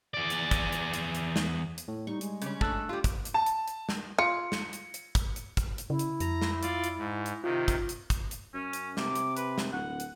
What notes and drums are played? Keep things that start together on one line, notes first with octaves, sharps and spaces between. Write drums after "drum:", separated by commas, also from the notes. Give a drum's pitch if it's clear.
E2 D5
drum: hi-hat
drum: kick, hi-hat
drum: hi-hat
drum: hi-hat
drum: hi-hat
drum: snare
drum: hi-hat
A2
G3 D#4 C#6
G#3, drum: hi-hat
C#3 C#4, drum: hi-hat
A3 D4 A5 E6 F#6, drum: kick
G3 F4 G4
drum: kick, hi-hat
drum: hi-hat
A5
drum: hi-hat
drum: hi-hat
drum: snare
F4 C#7
drum: snare
drum: hi-hat
drum: hi-hat
drum: kick, hi-hat
drum: hi-hat
drum: kick, hi-hat
drum: hi-hat
C#3 E4
drum: hi-hat
F2 A#5, drum: hi-hat
drum: snare
F4 D5, drum: hi-hat
drum: hi-hat
G#2
drum: hi-hat
C3 D#3 F4
drum: kick, hi-hat
drum: hi-hat
drum: kick, hi-hat
drum: hi-hat
F#2 C#4
drum: hi-hat
C3 D6, drum: snare
drum: hi-hat
B4, drum: hi-hat
drum: snare
D1 F#5
drum: hi-hat